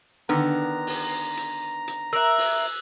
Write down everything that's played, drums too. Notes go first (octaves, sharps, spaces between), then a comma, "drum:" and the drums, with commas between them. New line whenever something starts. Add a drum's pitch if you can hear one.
D3 D#3 B3 A#5
drum: open hi-hat
drum: hi-hat
drum: hi-hat
A#4 E5 E6 F#6
drum: open hi-hat